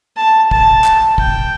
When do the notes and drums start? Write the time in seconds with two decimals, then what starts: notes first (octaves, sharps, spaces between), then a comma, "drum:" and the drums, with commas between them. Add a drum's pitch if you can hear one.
0.17 A5
0.51 A5, drum: kick
0.84 drum: clap
1.18 G5, drum: kick